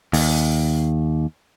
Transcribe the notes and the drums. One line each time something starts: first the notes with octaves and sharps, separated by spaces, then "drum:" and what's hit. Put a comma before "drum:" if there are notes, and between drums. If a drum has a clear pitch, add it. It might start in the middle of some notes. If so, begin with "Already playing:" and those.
D#2, drum: open hi-hat